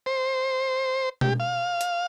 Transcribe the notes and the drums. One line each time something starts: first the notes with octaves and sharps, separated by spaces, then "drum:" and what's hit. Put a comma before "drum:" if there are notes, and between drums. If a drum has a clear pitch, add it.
C5
G4, drum: tom B2
F5
drum: hi-hat